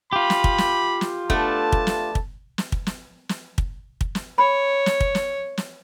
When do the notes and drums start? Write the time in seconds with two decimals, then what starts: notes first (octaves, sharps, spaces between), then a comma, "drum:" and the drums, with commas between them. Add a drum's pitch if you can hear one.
0.13 F4 G4 B5
0.30 drum: snare
0.44 drum: kick
0.58 drum: snare
1.01 drum: snare
1.30 A3 B3 D4 A5, drum: kick
1.72 drum: kick
1.87 drum: snare
2.15 drum: kick
2.58 drum: snare
2.72 drum: kick
2.87 drum: snare
3.29 drum: snare
3.58 drum: kick
4.01 drum: kick
4.15 drum: snare
4.38 C#5 B5
4.86 drum: snare
5.00 drum: kick
5.15 drum: snare
5.58 drum: snare